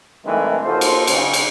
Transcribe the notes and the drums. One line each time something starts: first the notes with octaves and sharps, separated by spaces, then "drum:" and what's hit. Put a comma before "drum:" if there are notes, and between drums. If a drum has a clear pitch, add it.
G2 C3 D#3 E3 G#3 A3
D#2 F4 F#4 A4 C5
drum: cymbal
B1 C#3, drum: cymbal
drum: cymbal